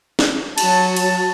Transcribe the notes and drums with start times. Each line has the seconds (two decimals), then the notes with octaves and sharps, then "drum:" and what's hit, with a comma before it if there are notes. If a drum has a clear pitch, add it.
0.19 drum: snare
0.58 F#3 F#4 A5, drum: cymbal
0.96 drum: cymbal